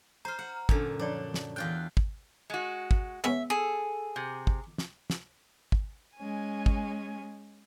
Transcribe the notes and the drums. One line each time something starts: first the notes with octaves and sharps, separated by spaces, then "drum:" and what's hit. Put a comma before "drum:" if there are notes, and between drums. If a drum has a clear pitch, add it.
C5 A#5 C6 F6
F#5
F#2 A#2 D3, drum: kick
F3 D4 C#5 D5
drum: snare
E2 F4 G5 F#6
drum: kick
G#3 F#4
drum: kick
G#3 B3 C#4 E5
G#4 A4
C3
drum: kick
drum: snare
drum: snare
drum: kick
G#3 C#4 G#5
drum: kick